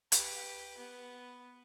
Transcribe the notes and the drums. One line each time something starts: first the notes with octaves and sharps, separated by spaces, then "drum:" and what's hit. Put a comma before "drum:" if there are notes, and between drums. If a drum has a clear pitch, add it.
G4 B4, drum: hi-hat
B3